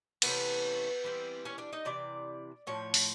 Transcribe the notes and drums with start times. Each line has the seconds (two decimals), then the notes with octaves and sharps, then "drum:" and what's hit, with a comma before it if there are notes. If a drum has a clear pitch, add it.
0.22 C3 E3 A3 B3 C#4 B4, drum: cymbal
1.04 E3 G3 C4
1.45 C#4 C#5
1.58 D4 D5
1.73 D#4 D#5
1.85 C3 E3 D5
2.67 A2 F3 C#5
2.94 drum: open hi-hat